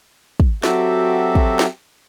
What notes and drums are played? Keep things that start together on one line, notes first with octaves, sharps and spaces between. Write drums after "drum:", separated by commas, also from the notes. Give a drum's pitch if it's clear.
drum: kick
F#3 C4 F#4 G4 A4 E5, drum: snare
drum: kick
drum: snare